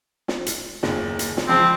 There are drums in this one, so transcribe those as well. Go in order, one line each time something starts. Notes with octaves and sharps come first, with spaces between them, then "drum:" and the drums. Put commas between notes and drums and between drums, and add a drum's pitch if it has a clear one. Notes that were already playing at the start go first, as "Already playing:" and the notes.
drum: snare
drum: hi-hat
F#1 D#2, drum: snare
drum: hi-hat
drum: snare
C#2 F3 C4 C6